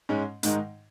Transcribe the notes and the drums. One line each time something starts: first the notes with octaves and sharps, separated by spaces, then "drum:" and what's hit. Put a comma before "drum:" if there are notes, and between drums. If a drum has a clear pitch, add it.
G#2 G#3 C#4
G#2 D#3 G#3 D#4, drum: hi-hat